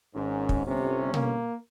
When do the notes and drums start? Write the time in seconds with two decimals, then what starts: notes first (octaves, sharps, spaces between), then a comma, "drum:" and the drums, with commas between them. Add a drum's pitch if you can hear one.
0.15 G#1 G#2 C#4
0.49 drum: kick
0.67 G1 C3 C#4
1.14 A#3, drum: tom B2